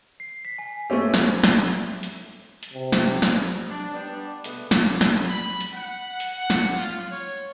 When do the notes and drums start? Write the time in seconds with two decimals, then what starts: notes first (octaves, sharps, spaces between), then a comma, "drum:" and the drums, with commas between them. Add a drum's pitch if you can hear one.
0.20 C7
0.45 B6
0.59 G#5
0.90 A3 C4 C#4 G4
1.14 drum: snare
1.43 drum: snare
2.03 drum: hi-hat
2.63 drum: hi-hat
2.73 C3
2.92 drum: snare
3.22 drum: snare
3.69 D4
3.94 G3 B3 D4
4.44 B2 G#3 A3 B3, drum: hi-hat
4.71 drum: snare
5.01 drum: snare
5.28 B5
5.61 drum: hi-hat
5.73 F#5
6.20 drum: hi-hat
6.39 F#5
6.50 drum: snare
6.75 F4
7.09 C#5